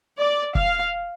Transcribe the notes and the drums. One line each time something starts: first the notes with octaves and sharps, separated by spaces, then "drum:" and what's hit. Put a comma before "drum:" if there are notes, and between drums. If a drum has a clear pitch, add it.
D5
F5, drum: kick